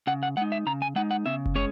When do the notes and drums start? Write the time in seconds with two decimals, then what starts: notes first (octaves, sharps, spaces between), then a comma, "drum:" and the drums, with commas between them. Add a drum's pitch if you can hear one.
0.07 C#3 F#5
0.23 F#5
0.37 G#3 D#4 F#5
0.52 E5
0.67 C#3 A#5
0.82 G#5
0.96 G#3 D#4 F#5
1.11 F#5
1.26 C#3 E5, drum: tom B3
1.46 drum: kick F#1
1.55 G#3 C#4 C#5